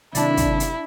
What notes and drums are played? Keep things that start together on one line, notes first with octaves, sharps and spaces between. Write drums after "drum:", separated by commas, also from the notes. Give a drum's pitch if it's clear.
C3 D#3 F#3 D4 E4 D5, drum: hi-hat
drum: kick, hi-hat
drum: hi-hat